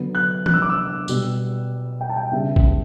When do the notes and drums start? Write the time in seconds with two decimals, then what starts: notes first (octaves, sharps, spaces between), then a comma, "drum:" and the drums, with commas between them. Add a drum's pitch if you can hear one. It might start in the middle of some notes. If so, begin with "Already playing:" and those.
Already playing: D3 F#3 B3
0.15 F#6
0.46 F#6, drum: tom
0.54 E6
0.62 D6
0.70 E6
1.08 B2 G3 B3, drum: tambourine
2.01 G5
2.09 A5
2.17 G5
2.32 C#3 G3 B3 E5
2.56 drum: kick A1